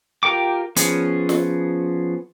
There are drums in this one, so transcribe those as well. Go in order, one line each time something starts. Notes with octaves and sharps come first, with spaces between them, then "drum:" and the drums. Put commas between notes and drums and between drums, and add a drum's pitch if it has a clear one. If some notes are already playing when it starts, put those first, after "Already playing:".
F4 G4 A#4 G5 D6
F3 B3 C#4 G#4, drum: hi-hat
drum: snare